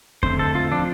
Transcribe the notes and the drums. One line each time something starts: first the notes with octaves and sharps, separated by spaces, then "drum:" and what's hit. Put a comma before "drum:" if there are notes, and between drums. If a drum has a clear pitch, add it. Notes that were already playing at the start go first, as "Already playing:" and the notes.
D3 A3 C4 C5, drum: kick E2
A4
F4
F3 C4 D4